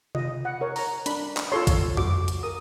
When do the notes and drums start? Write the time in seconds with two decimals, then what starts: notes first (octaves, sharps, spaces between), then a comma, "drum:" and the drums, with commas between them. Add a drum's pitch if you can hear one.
0.15 F4 D#5, drum: tom C3
0.45 F#5
0.61 A#4 C#5
0.76 A#5, drum: open hi-hat
1.06 D4 B5, drum: hi-hat
1.37 drum: clap
1.52 F4 A4 C#5 C6
1.67 drum: kick A#1, hi-hat
1.97 F#4 D6, drum: tom F2
2.28 drum: hi-hat
2.43 A#4 D#6